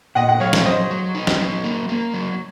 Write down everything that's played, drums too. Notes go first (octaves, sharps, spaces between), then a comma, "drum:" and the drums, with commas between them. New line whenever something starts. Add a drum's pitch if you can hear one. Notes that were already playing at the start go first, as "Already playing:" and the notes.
A#2 D#5 F#5
F#5
F#3 C#5 F5
drum: snare
F#3 C5 D#5
F#3
D#4
drum: snare
F#3
A#3
A#3
F#3